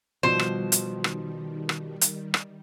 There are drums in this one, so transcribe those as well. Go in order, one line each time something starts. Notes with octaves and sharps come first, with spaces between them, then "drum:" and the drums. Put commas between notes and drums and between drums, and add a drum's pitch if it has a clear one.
B2 D#3 F3 G3 C5
drum: rim click
drum: hi-hat
drum: rim click
drum: rim click
drum: hi-hat
drum: rim click